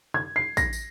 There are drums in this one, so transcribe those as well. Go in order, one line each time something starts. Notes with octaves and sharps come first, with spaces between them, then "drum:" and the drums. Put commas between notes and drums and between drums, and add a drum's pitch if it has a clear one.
G#6
C7
A#6, drum: kick, tambourine
drum: tambourine